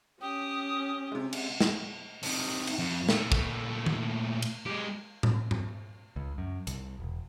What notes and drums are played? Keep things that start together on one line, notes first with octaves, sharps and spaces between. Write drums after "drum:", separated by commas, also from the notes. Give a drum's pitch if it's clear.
C#4 G4 D#6
C3 G#3
drum: cymbal
drum: snare
C3 D#3, drum: open hi-hat
drum: cymbal
F2
A#2 A3, drum: snare
drum: kick
drum: tom D#3
drum: cymbal
G#3 G4
drum: tom A2
drum: tom G#2
C#2
F#2
C2, drum: hi-hat
E1